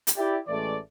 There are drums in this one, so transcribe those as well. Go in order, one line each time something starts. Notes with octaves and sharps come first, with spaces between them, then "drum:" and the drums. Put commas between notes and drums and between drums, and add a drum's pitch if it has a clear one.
drum: hi-hat
E4 G4 D5
A1 E3 G#3 A3 D5